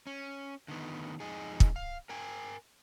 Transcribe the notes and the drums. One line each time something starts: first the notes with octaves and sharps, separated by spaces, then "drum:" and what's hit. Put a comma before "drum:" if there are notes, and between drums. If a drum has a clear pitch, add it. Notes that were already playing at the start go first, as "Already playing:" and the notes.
C#4
D3 D#3 B3
F2 D#4 G#4
drum: kick
F5
A#4 G5 G#5